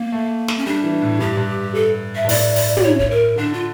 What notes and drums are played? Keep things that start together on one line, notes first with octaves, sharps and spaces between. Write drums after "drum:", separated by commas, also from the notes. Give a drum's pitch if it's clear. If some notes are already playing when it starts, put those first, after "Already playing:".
Already playing: A#3
A3
drum: snare
C#4
G3 D4
E3
A2
G2 G4
G2
A4
E5
G2
A2 D5, drum: open hi-hat
D5, drum: open hi-hat
D5, drum: tom
C#5
C#5, drum: kick
A#4
D3 D4
F4